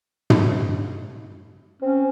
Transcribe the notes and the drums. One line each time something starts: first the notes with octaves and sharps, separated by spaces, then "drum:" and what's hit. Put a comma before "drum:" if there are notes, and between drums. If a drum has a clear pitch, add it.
drum: tom
C4 C#4